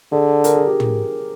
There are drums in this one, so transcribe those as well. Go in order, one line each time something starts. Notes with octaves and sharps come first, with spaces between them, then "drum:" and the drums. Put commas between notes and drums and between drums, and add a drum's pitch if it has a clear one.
D3 G#4
A#4, drum: hi-hat
G#4
G4
drum: tom